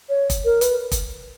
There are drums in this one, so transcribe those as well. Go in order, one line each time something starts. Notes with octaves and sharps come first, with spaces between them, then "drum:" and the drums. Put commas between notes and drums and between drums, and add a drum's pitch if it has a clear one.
C#5
drum: kick, hi-hat
A#4
B4, drum: hi-hat
drum: kick, hi-hat